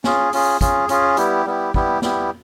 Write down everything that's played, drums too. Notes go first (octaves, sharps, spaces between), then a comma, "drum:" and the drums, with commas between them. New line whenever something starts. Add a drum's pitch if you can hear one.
C#4 F4 G#4, drum: snare
C#4 F4 G#4, drum: open hi-hat
C#4 F4 G#4, drum: kick, hi-hat
C#4 F4 G#4, drum: hi-hat
G3 B3 E4 G4, drum: hi-hat
G3 B3 E4 G4
G3 B3 E4 G4, drum: kick
G3 B3 E4 G4, drum: snare